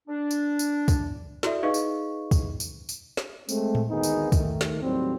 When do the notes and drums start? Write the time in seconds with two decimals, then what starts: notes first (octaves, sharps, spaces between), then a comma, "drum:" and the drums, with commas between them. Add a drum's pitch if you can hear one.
0.07 D4
0.31 drum: tambourine
0.59 drum: tambourine
0.88 drum: kick, tambourine
1.43 E4 F#4 A4 D5 E5, drum: snare
1.63 D#4 G#4 B4 D#5 F5 C#6
1.74 drum: tambourine
2.31 drum: kick, tambourine
2.60 drum: tambourine
2.89 drum: tambourine
3.17 drum: snare
3.49 G#3 A3 C4, drum: tambourine
3.75 drum: tom A2
3.89 G#1 D2 D#3 B3 D#4 G#4
4.03 drum: tambourine
4.32 D#3 A3, drum: kick, tambourine
4.61 drum: snare
4.81 D#2 A2 F#3 G3 C4